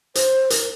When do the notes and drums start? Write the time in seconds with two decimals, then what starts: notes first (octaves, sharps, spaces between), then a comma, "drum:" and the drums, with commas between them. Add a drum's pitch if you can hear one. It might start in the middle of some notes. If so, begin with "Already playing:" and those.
0.15 C5, drum: hi-hat
0.50 A#4, drum: hi-hat